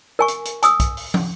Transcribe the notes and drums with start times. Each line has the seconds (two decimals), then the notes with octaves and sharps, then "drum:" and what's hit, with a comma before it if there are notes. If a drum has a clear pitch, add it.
0.19 A#4 G#5 C#6
0.28 drum: hi-hat
0.45 drum: hi-hat
0.63 G#5 D#6 E6, drum: hi-hat
0.80 drum: kick, hi-hat
0.97 drum: open hi-hat
1.14 drum: tom